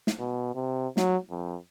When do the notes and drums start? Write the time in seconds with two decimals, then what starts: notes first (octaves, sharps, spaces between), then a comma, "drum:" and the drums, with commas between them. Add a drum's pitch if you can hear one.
0.07 drum: snare
0.19 B2
0.55 C3
0.97 F#3, drum: snare
1.30 F2